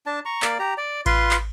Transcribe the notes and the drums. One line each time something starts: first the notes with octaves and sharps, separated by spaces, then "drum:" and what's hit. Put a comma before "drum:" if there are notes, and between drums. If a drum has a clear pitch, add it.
D4 A5
A#5 C#6
A#3 D5, drum: clap
G4 A#5
D5
F4 B4 C6, drum: kick A1, cymbal
drum: clap